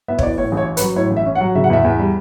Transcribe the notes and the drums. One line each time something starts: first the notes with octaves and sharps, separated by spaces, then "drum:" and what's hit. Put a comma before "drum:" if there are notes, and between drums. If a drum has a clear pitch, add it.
B3 E5
C#5, drum: kick
E3 D5
A2 C#5
A1
C#5
C#4
B4, drum: hi-hat
F#3
A2 C#5
A1
E5
C#4
F#5
F#3
C#3 E5
F#5
E2 E5
E2
G3